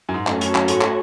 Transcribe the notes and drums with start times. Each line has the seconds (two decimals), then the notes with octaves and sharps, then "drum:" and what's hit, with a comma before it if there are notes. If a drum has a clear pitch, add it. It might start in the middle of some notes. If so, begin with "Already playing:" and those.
0.09 F#2
0.14 G#2
0.27 F#2 A3 C#4 F#4 A4 C#5, drum: clap
0.41 F#2, drum: hi-hat
0.55 F#2, drum: clap
0.68 G#2, drum: hi-hat
0.81 drum: clap